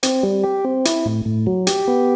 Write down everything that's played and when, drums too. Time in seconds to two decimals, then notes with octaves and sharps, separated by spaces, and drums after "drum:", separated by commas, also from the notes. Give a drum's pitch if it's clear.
0.03 C4, drum: hi-hat
0.23 G3
0.44 G4
0.65 C4
0.85 E4, drum: hi-hat
1.05 A2
1.25 A2
1.47 F#3
1.67 G4, drum: hi-hat
1.88 B3